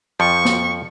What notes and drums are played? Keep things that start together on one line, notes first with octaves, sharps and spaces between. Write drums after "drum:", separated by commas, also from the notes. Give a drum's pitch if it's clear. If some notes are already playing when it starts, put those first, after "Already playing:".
F2 F3 G5 C#6
drum: snare